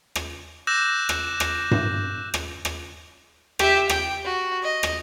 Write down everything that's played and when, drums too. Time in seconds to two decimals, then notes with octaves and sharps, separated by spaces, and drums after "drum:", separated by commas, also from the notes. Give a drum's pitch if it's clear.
0.15 drum: rim click
0.67 D6 E6 F#6 G6 A#6 E7
1.09 drum: rim click
1.40 drum: rim click
1.71 drum: tom G2
2.34 drum: rim click
2.65 drum: rim click
3.59 G4 E5, drum: rim click
3.89 G5, drum: rim click
4.25 F#4
4.63 D#5
4.83 drum: rim click